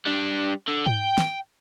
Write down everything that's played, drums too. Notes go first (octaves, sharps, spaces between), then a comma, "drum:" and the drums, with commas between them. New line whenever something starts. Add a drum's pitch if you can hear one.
G3 D4
D3
G5, drum: tom G#2
drum: snare